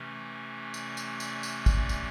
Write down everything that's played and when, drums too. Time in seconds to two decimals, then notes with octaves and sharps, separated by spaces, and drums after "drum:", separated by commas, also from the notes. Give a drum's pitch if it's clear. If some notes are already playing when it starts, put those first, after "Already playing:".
Already playing: C3 E3 A3 C#4
0.74 D5, drum: tambourine
0.97 drum: tambourine
1.20 D5, drum: tambourine
1.43 drum: tambourine
1.66 D5, drum: kick, tambourine
1.89 drum: tambourine